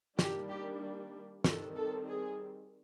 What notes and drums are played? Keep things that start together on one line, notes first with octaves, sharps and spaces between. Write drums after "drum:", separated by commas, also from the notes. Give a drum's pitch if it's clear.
D#3 G3 A#3 D4 G4, drum: snare
G4
D#3 G3 C4 A4, drum: snare
A4
G#4